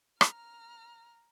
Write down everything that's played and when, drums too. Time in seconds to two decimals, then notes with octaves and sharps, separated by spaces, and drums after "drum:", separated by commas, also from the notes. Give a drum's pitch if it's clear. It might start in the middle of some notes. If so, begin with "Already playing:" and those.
0.21 A#5 F6, drum: rim click